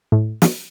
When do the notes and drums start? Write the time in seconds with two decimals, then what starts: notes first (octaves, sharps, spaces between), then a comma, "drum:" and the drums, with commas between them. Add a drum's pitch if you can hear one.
0.12 A2
0.42 drum: snare